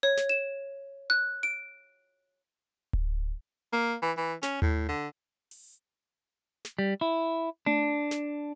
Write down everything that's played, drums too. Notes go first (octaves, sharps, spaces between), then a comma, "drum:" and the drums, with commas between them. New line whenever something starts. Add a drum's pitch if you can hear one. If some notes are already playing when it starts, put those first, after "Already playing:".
C#5
drum: snare
E7
F#6
D7
drum: kick D1
A#3
E3
E3
C#4, drum: snare
A2, drum: tom D#2
D3
drum: open hi-hat
drum: snare
G3
E4
D4, drum: tom A3
drum: snare